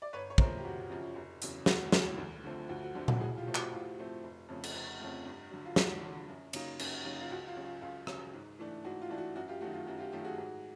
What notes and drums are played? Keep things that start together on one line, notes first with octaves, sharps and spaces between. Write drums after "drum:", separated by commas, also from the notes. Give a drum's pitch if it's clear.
D5
G1 B4 C#5
C#5
F#2 C#3 F3 A#4 C5, drum: kick
G4
G1 F#4
F#2 C#3 F3
F1
E2 C#3 F#3, drum: hi-hat
F1 F#4, drum: snare
E2 C#3 F#3, drum: snare
D2
D3 F3 A3 C4
D2 F#4
F#4
D3 F3 A3 C4
F#4, drum: tom A#2
A2 F#4 G#4
F4 G4
F3 A3 C4
F#4, drum: clap
A2 F4
F3 A3 C4
F1
F2 C#3 F3 A3
drum: cymbal
F1
F2 C#3 F3 A3
G2
D3 F#3
F4
G2 F#4, drum: snare
D3 F#3
F#2
C#3 F#3 A#3 D#4, drum: cymbal
F#2, drum: cymbal
C#3 F#3 A#3 D#4
F4
C#2 F#4
F4
C#3 F#3
F4
C#2 F4
C#3 F#3, drum: rim click
G#2
E3 A3 D4
G#2 F#4
F4
E3 A3 D4
F#4
F#2 F#4
F4 G4
D#3 F#3 A3 F#4
F4
F#2 F#4
F4 G4
D#3 F#3 A3 F4 G4
F#4 G#4
G#2